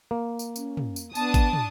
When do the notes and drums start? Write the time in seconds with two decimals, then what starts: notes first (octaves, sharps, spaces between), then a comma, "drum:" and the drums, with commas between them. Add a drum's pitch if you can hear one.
0.11 A#3
0.39 drum: tambourine
0.56 C#4, drum: tambourine
0.77 drum: tom
0.96 drum: tambourine
1.15 B3 D4 A5 D#6, drum: tambourine
1.34 drum: kick G#1, tambourine
1.53 drum: tom